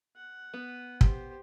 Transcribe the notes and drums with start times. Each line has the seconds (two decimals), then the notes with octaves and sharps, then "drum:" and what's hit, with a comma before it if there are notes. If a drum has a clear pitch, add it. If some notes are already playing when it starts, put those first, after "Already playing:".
0.16 F#5
0.54 B3
1.01 G4 C5, drum: kick